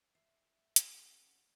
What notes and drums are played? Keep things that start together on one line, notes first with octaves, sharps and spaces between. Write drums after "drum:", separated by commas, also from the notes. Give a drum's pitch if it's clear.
E5 C7
C#4 G#4 G5 C6, drum: hi-hat
F#5